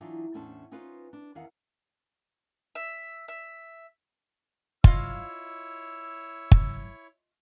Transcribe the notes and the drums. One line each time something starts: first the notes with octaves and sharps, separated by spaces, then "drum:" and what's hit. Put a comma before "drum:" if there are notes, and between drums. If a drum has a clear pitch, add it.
E3 F#3 D4 D#4 F4
E2 A2 C#4 D4 C5 A5
C#4 D#4 F4 B4 C5
D4
E2 D#3 F5 F#5
E5
E5
E4 F4 C#5 D#5 F5 E6, drum: kick
drum: kick